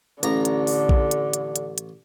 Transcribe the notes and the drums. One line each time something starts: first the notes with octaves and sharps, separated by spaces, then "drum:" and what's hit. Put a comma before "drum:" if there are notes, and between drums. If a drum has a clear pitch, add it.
A1 D3 A#5, drum: hi-hat
drum: hi-hat
drum: open hi-hat
drum: kick A#1
drum: hi-hat
drum: hi-hat
drum: hi-hat
drum: hi-hat